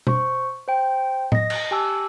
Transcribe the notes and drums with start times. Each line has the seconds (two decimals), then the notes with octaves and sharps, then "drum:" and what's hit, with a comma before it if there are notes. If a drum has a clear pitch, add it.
0.07 C5 C#6, drum: tom B2
0.68 C5 G5
1.32 D#5 A#6, drum: tom A2
1.50 drum: cymbal
1.71 G4 G#5 A5 E6